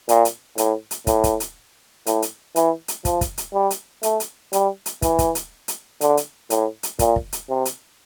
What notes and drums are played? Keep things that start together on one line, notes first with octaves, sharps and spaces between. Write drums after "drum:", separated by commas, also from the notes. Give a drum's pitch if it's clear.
A#2, drum: hi-hat
drum: hi-hat
A2, drum: hi-hat
drum: hi-hat
A2, drum: kick, hi-hat
drum: kick, hi-hat
drum: hi-hat
A2, drum: hi-hat
drum: hi-hat
E3, drum: hi-hat
drum: hi-hat
F3, drum: kick, hi-hat
drum: kick, hi-hat
drum: hi-hat
G3
drum: hi-hat
A3, drum: hi-hat
drum: hi-hat
G3, drum: hi-hat
drum: hi-hat
E3, drum: kick, hi-hat
drum: kick, hi-hat
drum: hi-hat
drum: hi-hat
D3, drum: hi-hat
drum: hi-hat
A2, drum: hi-hat
drum: hi-hat
A#2, drum: kick, hi-hat
drum: kick
drum: hi-hat
C3
drum: hi-hat